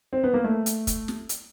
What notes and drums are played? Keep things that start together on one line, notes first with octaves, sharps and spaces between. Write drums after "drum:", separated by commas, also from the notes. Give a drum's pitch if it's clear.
C4
B3
A#3
A3
drum: hi-hat
drum: kick, hi-hat
drum: snare
drum: hi-hat